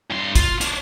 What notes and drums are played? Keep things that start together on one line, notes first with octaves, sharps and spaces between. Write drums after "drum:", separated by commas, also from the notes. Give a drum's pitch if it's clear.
G2 C6
F4, drum: kick, hi-hat
C#4 D4, drum: hi-hat